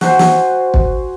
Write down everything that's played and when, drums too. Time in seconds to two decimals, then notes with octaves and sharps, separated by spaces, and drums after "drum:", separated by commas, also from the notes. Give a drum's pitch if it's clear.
0.01 F#4 C5 G#5, drum: snare
0.19 drum: snare
0.74 drum: kick